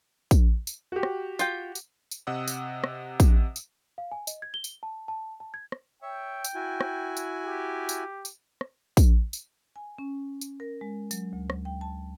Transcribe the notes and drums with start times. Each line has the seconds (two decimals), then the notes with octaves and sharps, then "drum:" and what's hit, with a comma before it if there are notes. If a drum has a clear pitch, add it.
0.31 drum: kick, tambourine
0.67 drum: tambourine
0.92 F#4 G4
1.03 drum: rim click
1.39 F4 G5, drum: tambourine
1.75 drum: tambourine
2.11 drum: tambourine
2.27 C3 D#5 F#5 D#6 E6
2.48 drum: tambourine
2.84 drum: rim click
3.20 drum: kick, tambourine
3.56 drum: tambourine
3.98 F5
4.12 G#5
4.27 D#5, drum: tambourine
4.42 G#6
4.54 G7
4.64 drum: tambourine
4.83 A5
5.08 A5
5.40 A5
5.54 G#6
5.72 drum: rim click
6.02 C#5 E5 G5
6.44 drum: tambourine
6.55 E4 F#4 G#5
6.81 drum: rim click
7.17 drum: tambourine
7.45 G4
7.89 drum: tambourine
8.25 drum: tambourine
8.61 drum: rim click
8.97 drum: kick, tambourine
9.33 drum: tambourine
9.76 G#5
9.99 C#4
10.41 drum: tambourine
10.60 A#4
10.81 G#3
11.11 F#3, drum: tambourine
11.33 D2
11.50 drum: rim click
11.65 G5
11.81 A5